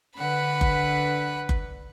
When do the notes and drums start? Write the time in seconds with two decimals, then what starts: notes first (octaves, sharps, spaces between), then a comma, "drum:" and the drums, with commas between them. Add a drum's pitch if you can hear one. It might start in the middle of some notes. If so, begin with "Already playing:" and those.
0.17 D3 B4 F#5 B5
0.61 drum: kick F#1
1.49 drum: kick F#1